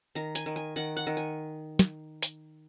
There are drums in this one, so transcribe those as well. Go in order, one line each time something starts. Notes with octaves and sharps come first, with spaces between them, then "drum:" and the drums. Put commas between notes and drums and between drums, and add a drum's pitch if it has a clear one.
D#3 A#5
G#5, drum: hi-hat
D#3
G#5
D#3 F#5
F#5
D#3
G#5
drum: snare
drum: hi-hat